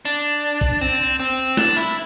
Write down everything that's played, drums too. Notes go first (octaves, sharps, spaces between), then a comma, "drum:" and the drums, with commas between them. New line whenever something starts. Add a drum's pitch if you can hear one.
D4
drum: kick
C4
C4
D4, drum: snare
E4